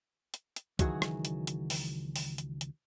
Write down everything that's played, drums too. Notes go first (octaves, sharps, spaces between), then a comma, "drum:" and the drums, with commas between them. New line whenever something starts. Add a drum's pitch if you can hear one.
drum: hi-hat
drum: hi-hat
C#2 D#3 E3 F#3 F#4 G#4, drum: kick, hi-hat
drum: rim click
drum: hi-hat
drum: hi-hat
drum: open hi-hat
drum: open hi-hat
drum: hi-hat
drum: hi-hat